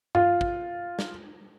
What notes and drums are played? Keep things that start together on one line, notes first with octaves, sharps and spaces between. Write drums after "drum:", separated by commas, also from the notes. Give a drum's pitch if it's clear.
F4, drum: tom G2
drum: kick
drum: snare